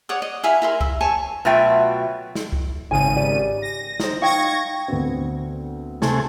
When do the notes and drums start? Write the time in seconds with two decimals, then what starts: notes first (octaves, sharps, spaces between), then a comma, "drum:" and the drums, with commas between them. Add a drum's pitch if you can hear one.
0.09 C#5 D5 F#5 D#6
0.22 D#5
0.43 E4 F5 G#5 B5
0.62 E4 A#4 C6
0.81 E5, drum: kick C2
1.01 C#5 G#5 A5 C#6
1.45 B2 F#3 A3 F4 E5 G5
2.35 drum: snare
2.52 drum: kick C2
2.91 G#1 C#3 G#5 D#7
3.16 G4 D5
3.62 A#6
4.00 D#4 C5, drum: snare
4.21 D#4 F5 G5 C#6 G#6 A#6
4.88 D2 B3 C4
6.02 C3 A3 G#4, drum: snare